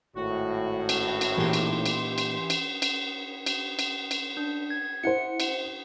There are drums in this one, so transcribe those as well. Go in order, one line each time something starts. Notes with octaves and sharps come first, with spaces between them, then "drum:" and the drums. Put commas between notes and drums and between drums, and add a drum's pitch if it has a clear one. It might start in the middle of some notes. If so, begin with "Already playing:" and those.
G#1 A2 F#4
drum: cymbal
drum: cymbal
A#2 E3 D#4 F4 G4 C6
drum: cymbal
drum: cymbal
drum: cymbal
drum: cymbal
drum: cymbal
drum: cymbal
drum: cymbal
drum: cymbal
D4
G#6
E4 C5 F#5 C#7
drum: cymbal